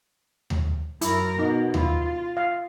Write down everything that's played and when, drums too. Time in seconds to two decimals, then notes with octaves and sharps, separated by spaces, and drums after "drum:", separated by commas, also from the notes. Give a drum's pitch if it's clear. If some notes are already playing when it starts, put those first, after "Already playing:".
0.50 drum: tom D#2
1.01 F#2 E4 A#4, drum: hi-hat
1.39 B2 D#4
1.74 E4 F4, drum: tom D#2
2.37 F5